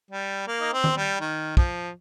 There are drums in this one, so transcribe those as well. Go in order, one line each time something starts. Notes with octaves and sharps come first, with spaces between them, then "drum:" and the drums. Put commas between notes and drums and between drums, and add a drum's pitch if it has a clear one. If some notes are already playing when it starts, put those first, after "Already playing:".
G3
A#3
D#4
C4
drum: tom D#3
G3
D#3
F3, drum: kick